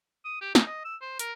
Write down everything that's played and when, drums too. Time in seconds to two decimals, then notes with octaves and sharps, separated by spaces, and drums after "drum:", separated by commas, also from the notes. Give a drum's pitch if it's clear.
0.25 D#6
0.41 G4
0.55 D#4, drum: snare
0.67 D#5
0.85 E6
1.01 C5
1.19 A#4, drum: hi-hat